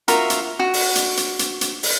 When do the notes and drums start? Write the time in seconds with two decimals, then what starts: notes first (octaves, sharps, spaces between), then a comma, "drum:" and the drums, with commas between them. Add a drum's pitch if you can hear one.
0.08 F4 F#4 A#4 E5, drum: hi-hat
0.30 drum: hi-hat
0.59 F#4
0.74 drum: open hi-hat
0.95 drum: hi-hat
1.17 drum: hi-hat
1.39 drum: hi-hat
1.61 drum: hi-hat
1.83 drum: open hi-hat